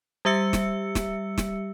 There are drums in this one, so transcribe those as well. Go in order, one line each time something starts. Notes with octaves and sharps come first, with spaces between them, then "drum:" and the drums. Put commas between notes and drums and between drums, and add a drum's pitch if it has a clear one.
G3 G4 E5 E6 C#7
drum: snare
drum: snare
drum: snare